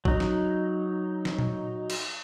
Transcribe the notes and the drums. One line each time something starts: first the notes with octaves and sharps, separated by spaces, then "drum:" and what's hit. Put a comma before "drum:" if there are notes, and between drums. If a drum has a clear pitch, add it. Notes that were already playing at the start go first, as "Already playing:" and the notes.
F#3 D#4, drum: kick A#1
drum: snare
drum: snare
drum: tom A#2
drum: cymbal